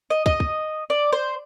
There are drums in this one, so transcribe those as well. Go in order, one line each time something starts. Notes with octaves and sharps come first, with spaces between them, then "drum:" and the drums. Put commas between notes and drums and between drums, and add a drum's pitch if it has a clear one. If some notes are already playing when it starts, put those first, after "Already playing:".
D#5
D#5, drum: kick
drum: kick
D5
C5